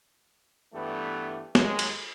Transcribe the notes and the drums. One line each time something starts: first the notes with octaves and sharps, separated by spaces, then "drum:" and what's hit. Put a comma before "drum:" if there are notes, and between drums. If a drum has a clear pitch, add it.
G2 E3 G3 A3 B3
D#2 F#3 G#3, drum: snare
drum: cymbal